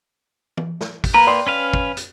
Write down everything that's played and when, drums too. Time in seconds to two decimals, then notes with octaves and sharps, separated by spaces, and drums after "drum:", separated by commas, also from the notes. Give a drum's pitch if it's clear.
0.57 drum: tom
0.81 drum: snare
1.04 drum: kick, open hi-hat
1.14 A#3 B4 A#5
1.27 D5 G5 C6
1.47 C#4 B4 F5
1.74 drum: kick
1.97 drum: hi-hat